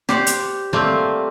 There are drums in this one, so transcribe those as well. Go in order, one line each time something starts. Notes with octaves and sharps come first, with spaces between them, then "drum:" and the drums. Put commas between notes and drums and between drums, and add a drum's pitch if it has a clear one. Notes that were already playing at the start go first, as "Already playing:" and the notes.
G4 C5 D5 F#5, drum: rim click
drum: hi-hat
G3 A3 A#3 C4 F4